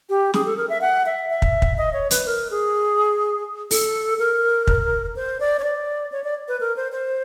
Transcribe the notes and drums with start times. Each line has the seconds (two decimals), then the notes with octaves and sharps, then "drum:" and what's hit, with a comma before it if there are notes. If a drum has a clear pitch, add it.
0.10 G4
0.34 G#4, drum: snare
0.45 A4
0.57 A#4
0.69 E5
0.81 F#5
1.06 E5
1.30 E5
1.42 drum: kick
1.62 drum: kick
1.78 D#5
1.93 C#5
2.11 B4, drum: hi-hat
2.26 A#4
2.51 G#4
3.71 A4, drum: open hi-hat
4.19 A#4
4.67 drum: kick
5.16 C5
5.40 D5
5.59 C#5
5.64 D5
6.12 C#5
6.24 D5
6.48 B4
6.60 A#4
6.76 C5
6.92 C5